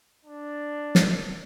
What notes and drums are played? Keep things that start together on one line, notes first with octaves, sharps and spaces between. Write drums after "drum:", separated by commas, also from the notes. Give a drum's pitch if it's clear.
D4
drum: snare